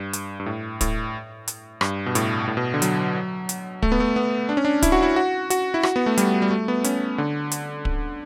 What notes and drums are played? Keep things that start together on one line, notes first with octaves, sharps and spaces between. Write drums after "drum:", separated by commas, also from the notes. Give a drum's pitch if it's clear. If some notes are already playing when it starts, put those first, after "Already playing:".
Already playing: G2
drum: hi-hat
G2
A2
A2, drum: kick, hi-hat
drum: hi-hat
G2, drum: rim click
B2
A2, drum: hi-hat
A2
B2
D3
F#3, drum: hi-hat
drum: hi-hat
A3, drum: kick
B3
A3
B3
D4
C#4
D4
E4, drum: kick, hi-hat
F#4
E4
F#4
F#4, drum: hi-hat
E4
F#4, drum: rim click
B3
A3
G3, drum: hi-hat
G3
A3
B3
C#4, drum: hi-hat
D3
drum: hi-hat
drum: kick